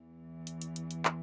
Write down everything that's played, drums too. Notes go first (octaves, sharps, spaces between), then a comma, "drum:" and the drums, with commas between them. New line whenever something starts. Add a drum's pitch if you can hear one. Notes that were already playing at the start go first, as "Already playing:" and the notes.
Already playing: E2 E3
drum: hi-hat
drum: hi-hat
drum: hi-hat
drum: hi-hat
drum: clap